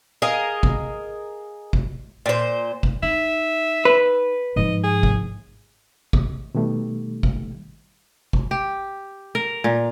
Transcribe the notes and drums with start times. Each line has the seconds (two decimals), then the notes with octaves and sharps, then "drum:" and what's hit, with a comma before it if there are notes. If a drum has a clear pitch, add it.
0.22 G#4 A#4 D#5 F5
0.63 drum: kick G#1
1.73 drum: kick G#1
2.26 A#2 C5
2.83 drum: kick G#1
3.03 D#4 E5
3.85 B4
4.56 G#2 F3 D#5
4.83 G#4
5.03 drum: kick G#1
6.13 drum: kick G#1
6.55 B2 D#3 G3 A3
7.23 drum: kick G#1
8.33 drum: kick G#1
8.51 G4
9.35 A#4
9.64 A#2